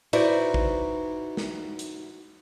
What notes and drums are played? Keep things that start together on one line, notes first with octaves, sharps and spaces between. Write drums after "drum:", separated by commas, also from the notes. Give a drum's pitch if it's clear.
D#4 E4 F#4 B4 C5 D5, drum: cymbal
drum: kick
drum: snare
drum: hi-hat